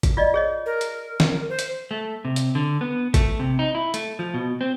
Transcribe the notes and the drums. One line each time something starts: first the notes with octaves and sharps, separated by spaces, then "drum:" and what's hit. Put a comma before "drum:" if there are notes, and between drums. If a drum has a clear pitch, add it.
drum: kick G#1, hi-hat
F4 D5 D#5
G#4 C#5 D#5
A#4
drum: hi-hat
drum: snare
C5
drum: hi-hat
A3
C3
drum: hi-hat
D3
B3
A3, drum: kick G#1, hi-hat
C3
D#4
E4
A3, drum: hi-hat
F3
B2
C4